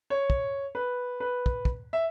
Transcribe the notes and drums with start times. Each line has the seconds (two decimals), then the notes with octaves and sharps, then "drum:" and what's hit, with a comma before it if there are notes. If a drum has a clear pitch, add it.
0.10 C#5
0.30 drum: kick
0.75 B4
1.20 B4
1.46 drum: kick
1.65 drum: kick
1.93 E5